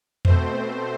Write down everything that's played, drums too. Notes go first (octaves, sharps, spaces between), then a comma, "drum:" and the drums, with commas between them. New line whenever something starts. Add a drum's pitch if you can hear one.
B2 A3 C4 C5, drum: tom E2